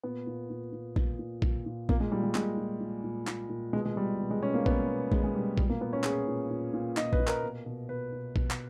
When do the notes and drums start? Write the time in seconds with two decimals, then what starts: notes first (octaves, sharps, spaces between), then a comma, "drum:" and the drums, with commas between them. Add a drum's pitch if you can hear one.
0.03 A#2 B3
0.27 A#2
0.50 A#2
0.73 A#2
0.96 A#2, drum: kick
1.19 A#2
1.42 A#2, drum: kick
1.66 A#2
1.89 A#2 A#3, drum: kick
2.00 G#3
2.12 A#2 G3
2.23 G#3
2.35 A#2 G#3, drum: clap
2.57 A#2
2.80 A#2
3.04 A#2
3.27 A#2, drum: clap
3.50 A#2
3.73 B2 G#3
3.85 G#3
3.96 B2 G3
4.20 B2
4.31 G#3
4.42 B2 C#4
4.54 A#3
4.66 B2 B3, drum: kick
4.89 B2
5.12 B2 G#3, drum: kick
5.24 G#3
5.35 B2 G3
5.58 A#2 G3, drum: kick
5.70 A#3
5.81 A#2 B3
5.93 C#4
6.04 A#2 G#4, drum: clap
6.28 A#2
6.50 A#2
6.74 A#2
6.97 A#2 D#5, drum: clap
7.13 B4, drum: kick
7.19 A#2
7.27 A#4, drum: clap
7.43 B2
7.66 B2
7.89 B2 B4
8.12 B2
8.36 B2, drum: kick
8.51 drum: clap